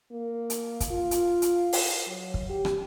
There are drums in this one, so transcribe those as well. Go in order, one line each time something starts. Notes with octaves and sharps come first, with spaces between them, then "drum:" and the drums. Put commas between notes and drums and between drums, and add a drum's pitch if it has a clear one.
A#3
drum: hi-hat
drum: kick, hi-hat
F4
drum: hi-hat
drum: hi-hat
drum: open hi-hat
F#3
drum: kick
G4
drum: rim click